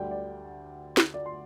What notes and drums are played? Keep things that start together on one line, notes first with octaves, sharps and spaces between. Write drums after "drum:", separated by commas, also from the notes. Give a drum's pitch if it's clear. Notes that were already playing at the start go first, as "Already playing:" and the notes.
Already playing: D2 D3 G3 G5
D5
drum: snare
D5
C6